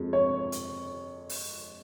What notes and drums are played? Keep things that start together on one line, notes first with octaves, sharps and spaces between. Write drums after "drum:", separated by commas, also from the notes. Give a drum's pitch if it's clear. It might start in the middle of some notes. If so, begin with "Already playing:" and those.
Already playing: F2 F3 G#3
C#5
drum: hi-hat
drum: open hi-hat